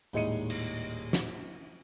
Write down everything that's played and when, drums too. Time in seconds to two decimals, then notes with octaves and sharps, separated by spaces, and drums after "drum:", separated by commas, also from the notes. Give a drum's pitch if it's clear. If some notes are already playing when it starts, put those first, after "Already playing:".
0.13 D#1 A2 G#3 D#4 C#7 D#7, drum: open hi-hat
0.50 drum: cymbal
1.13 drum: snare